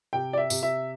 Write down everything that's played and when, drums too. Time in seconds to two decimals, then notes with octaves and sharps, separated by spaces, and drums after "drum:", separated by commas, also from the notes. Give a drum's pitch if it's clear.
0.13 C3 G5
0.33 D5
0.37 E5
0.50 C3, drum: tambourine
0.63 E5